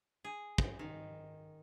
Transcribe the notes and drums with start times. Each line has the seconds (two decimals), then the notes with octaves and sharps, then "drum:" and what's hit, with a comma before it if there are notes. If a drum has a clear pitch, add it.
0.25 G#4
0.58 drum: kick
0.79 D#3